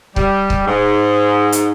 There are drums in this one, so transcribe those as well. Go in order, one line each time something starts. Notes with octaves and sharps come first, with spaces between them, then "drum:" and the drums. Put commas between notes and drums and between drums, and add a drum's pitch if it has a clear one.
G3, drum: kick C#1
drum: kick C#1
G#2
drum: hi-hat